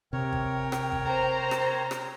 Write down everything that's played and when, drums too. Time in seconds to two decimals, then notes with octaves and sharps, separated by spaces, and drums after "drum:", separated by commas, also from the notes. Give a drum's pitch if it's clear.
0.13 C3 A#4 C#5 G5
0.33 drum: kick
0.72 drum: rim click
0.92 drum: kick
1.05 C5 A#5
1.51 drum: rim click
1.91 drum: rim click